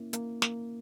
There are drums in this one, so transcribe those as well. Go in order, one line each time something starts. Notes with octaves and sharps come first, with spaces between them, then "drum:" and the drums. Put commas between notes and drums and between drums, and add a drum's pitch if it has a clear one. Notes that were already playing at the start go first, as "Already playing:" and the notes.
Already playing: A#3 C#4 E4
A#3, drum: hi-hat
A#3, drum: snare